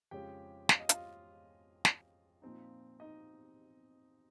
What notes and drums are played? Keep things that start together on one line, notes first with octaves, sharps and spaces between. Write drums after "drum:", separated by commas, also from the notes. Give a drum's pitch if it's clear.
F2 C#3 G#3 C#4 G4 G5
F5, drum: snare
D#5
F4 F5, drum: hi-hat
drum: snare
A#2 F3 C4 D#4
D#4 D#5